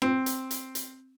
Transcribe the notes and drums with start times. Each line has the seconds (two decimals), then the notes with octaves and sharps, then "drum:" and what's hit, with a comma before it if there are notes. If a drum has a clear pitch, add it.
0.02 C4, drum: rim click
0.26 drum: hi-hat
0.51 drum: hi-hat
0.75 drum: hi-hat